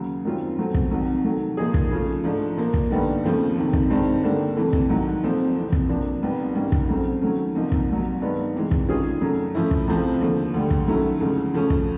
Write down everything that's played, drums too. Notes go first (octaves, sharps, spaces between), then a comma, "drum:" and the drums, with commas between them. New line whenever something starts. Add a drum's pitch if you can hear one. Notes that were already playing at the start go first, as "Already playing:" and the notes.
Already playing: D#2 C#3 F#3
F#2 D#3 G3 C4 F4
B2 F#3 A3 C4
drum: kick
C2 C3 D#3 F#3
C3 D#3 F#3 A3
A#2 F3 A#3 D#4 G#4
drum: kick
C#3 F3 A3 C#4 F4
G#2 F3 A3 D4
A#2 F3 A#3
drum: kick
G2 D3 G3 B3 D#4
D#2 C#3 F3 A3 C4
F2 C3 D#3
drum: kick
G2 D#3 G#3 C4 D#4
D3 G3 A#3 D4
F2 C3 E3 A3
drum: kick
G#2 D#3 F#3
C2 A#2 F3 A3 C4
F2 C3 E3
drum: kick
C3 F3 A#3 D4
C2 A#2 G3 B3 D#4
G#2 D#3 G3 A#3 C#4
drum: kick
C#3 F#3 A3 C4
D#3 F#3 A3 C#4
C2 C3 F3 A#3 D#4
drum: kick
C2 A#2 F#3
G2 D#3 G#3 B3 D#4
C3 E3 G#3
drum: kick
D#3 G#3 C#4 F4 G#4
F#2 C#3 F#3 A3
A2 F3 A3 C#4 E4
drum: kick
C#2 C3 F3 A3 C4
D#2 D3 F3 A3
D2 D3 G3
drum: kick
D#3 F#3 A3 C#4 E4
D2 C#3 F3 G#3
C#3 F3 A3 C#4
drum: kick